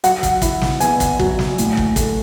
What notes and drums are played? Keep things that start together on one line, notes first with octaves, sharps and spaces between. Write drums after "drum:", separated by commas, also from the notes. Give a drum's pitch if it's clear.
F#3 F#5, drum: hi-hat
drum: kick, hi-hat
E4, drum: kick, hi-hat
drum: snare
B3 G#5, drum: hi-hat
drum: kick, hi-hat
F#3, drum: kick
drum: snare
A2, drum: hi-hat
drum: kick
A3, drum: kick, hi-hat